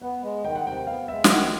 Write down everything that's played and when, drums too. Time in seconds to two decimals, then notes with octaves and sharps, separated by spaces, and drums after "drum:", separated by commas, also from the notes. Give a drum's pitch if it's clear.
0.01 B3 F#5
0.22 G#3
0.44 D#3 G5
0.56 F#5
0.65 C3 G5
0.87 B3 F5
1.08 G#3 E5
1.24 F5, drum: snare
1.30 D#3 F#5